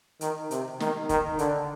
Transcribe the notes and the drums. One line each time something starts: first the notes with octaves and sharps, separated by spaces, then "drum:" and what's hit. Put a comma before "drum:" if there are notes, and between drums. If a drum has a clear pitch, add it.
D#3, drum: hi-hat
C3, drum: hi-hat
D#3, drum: snare
D#3, drum: kick F1, hi-hat
D3, drum: hi-hat